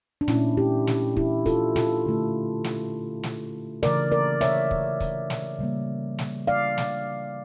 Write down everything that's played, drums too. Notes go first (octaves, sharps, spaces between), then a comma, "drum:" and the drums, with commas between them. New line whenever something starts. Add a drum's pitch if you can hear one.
D4
A#2 A3 C#4 E4, drum: snare
E4 G4
drum: snare
E4 G4, drum: kick
F4 A4, drum: kick, hi-hat
F4 A4, drum: snare
D3 A3
drum: snare
drum: snare
C#3 E3 A3 A#4 D5, drum: snare
A#4 D5
C#5 E5, drum: snare
drum: kick
drum: kick, hi-hat
drum: snare
C#3 G3 A#3
drum: snare
D5 F5
drum: snare